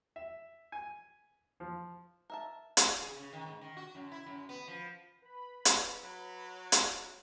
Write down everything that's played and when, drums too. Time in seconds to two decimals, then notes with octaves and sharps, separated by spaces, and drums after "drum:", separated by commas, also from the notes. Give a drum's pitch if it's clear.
0.16 E5
0.72 G#5
1.60 F3
2.30 A#4 E5 A5
2.77 drum: hi-hat
3.02 G#4
3.16 C#3
3.33 D#3
3.47 G#2
3.61 D#3
3.77 F#4
3.95 F#2
4.12 E4
4.26 F#2
4.49 B3
4.68 F3
5.22 B4 B5
5.65 drum: hi-hat
6.03 F#3
6.72 drum: hi-hat